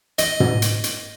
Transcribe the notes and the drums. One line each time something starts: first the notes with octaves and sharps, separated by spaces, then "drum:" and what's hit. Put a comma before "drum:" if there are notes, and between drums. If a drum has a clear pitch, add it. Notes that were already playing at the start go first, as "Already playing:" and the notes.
D#5, drum: hi-hat
drum: tom
drum: hi-hat
drum: hi-hat